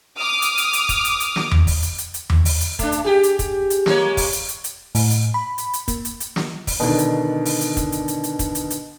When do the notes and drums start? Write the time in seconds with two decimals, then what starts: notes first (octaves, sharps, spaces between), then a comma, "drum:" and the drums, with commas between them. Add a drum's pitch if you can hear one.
0.19 D6 D#6 F6
0.42 drum: hi-hat
0.58 drum: hi-hat
0.73 drum: hi-hat
0.89 drum: kick, hi-hat
1.05 drum: hi-hat
1.20 drum: hi-hat
1.36 drum: snare
1.51 drum: tom E2
1.67 drum: kick, open hi-hat
1.83 drum: hi-hat
1.98 drum: hi-hat
2.14 drum: hi-hat
2.30 drum: tom E2
2.45 drum: open hi-hat
2.61 drum: hi-hat
2.79 A3 D4, drum: kick, hi-hat
2.92 drum: hi-hat
3.05 G4 G#4
3.23 drum: hi-hat
3.39 drum: kick, hi-hat
3.70 drum: hi-hat
3.86 G#3 A#3 C#5, drum: snare
4.17 drum: kick, open hi-hat
4.33 drum: hi-hat
4.48 drum: hi-hat
4.64 drum: hi-hat
4.95 A2, drum: open hi-hat
5.11 drum: hi-hat
5.34 B5
5.58 drum: hi-hat
5.73 drum: hi-hat
5.88 A#3, drum: kick, hi-hat
6.05 drum: hi-hat
6.20 drum: hi-hat
6.36 drum: snare
6.67 drum: kick, open hi-hat
6.80 B2 D3 D#3 D4
6.99 drum: hi-hat
7.45 drum: open hi-hat
7.61 drum: hi-hat
7.77 drum: kick, hi-hat
7.92 drum: hi-hat
8.08 drum: hi-hat
8.24 drum: hi-hat
8.39 drum: kick, hi-hat
8.55 drum: hi-hat
8.70 drum: hi-hat